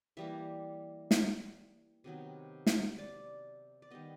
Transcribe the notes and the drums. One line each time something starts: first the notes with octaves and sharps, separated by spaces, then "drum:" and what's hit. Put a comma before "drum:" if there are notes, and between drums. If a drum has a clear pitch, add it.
E3 G3 A#3 E5
drum: snare
C3 D#3 F#3 B3
drum: snare
D5
D5
D#3 G3 B3 D#5